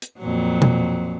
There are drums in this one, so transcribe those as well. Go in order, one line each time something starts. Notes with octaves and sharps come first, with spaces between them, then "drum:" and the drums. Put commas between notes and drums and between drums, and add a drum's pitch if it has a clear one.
drum: hi-hat
F2 A#2 F#3
drum: tom B2